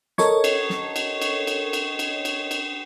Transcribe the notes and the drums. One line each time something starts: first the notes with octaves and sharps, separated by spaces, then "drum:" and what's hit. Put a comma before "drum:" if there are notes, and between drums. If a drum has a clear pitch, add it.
A4 A#4 C#5 D#5 C#6 G#6, drum: snare
drum: cymbal
drum: snare
drum: cymbal
drum: cymbal
drum: cymbal
drum: cymbal
drum: cymbal
drum: cymbal
drum: cymbal